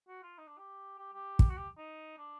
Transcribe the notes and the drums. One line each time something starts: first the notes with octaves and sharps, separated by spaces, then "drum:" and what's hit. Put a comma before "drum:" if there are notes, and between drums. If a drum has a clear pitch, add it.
F#4
F4
D#4
D4
G4
G4
G4
drum: kick
F#4
G4
D#4
D4